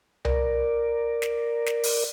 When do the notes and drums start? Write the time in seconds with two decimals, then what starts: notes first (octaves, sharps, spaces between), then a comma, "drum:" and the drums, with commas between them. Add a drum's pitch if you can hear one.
0.25 A#4 D5, drum: tom C2
1.22 drum: snare
1.66 drum: snare
1.83 drum: open hi-hat